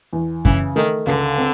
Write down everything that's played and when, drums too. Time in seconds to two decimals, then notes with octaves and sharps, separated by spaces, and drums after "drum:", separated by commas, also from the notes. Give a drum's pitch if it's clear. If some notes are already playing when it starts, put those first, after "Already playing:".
0.13 E2
0.45 C#3 E3, drum: kick F#2
0.76 D#3 A3
1.06 C#2 D3
1.38 C4